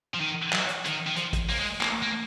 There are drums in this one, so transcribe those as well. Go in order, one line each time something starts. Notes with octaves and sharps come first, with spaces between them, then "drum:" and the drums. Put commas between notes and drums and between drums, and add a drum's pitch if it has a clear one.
F3
D#3
F#3, drum: clap
drum: hi-hat
D#3, drum: hi-hat
D#3
F3, drum: hi-hat
drum: kick, hi-hat
A#3, drum: open hi-hat
G#3
A#3, drum: clap
A#3